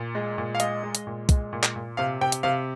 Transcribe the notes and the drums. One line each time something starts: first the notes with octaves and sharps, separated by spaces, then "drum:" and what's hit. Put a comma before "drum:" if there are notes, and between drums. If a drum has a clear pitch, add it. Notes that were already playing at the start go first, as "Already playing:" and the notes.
Already playing: A#2
G#3
A#2
F5
G#3 D#5, drum: hi-hat
G#3
drum: hi-hat
A#2
G#3, drum: kick, hi-hat
A#2
drum: clap
A#2
C3 F5
C3 G5
drum: hi-hat
C3 F5